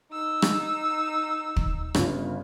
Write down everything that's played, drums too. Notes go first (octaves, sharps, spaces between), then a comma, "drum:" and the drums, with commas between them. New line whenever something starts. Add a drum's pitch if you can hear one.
D#4 E6
drum: rim click
drum: kick
G1 C#3 F4, drum: rim click